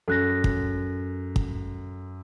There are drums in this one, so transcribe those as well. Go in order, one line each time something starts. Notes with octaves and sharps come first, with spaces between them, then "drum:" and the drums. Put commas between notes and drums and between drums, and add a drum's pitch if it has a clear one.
F#2 A4 F#6 A#6
drum: kick
drum: kick